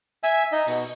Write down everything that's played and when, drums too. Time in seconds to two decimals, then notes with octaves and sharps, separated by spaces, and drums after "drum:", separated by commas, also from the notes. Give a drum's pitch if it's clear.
0.23 E5 G#5 E6, drum: hi-hat
0.52 D#4 D#5
0.67 B2, drum: open hi-hat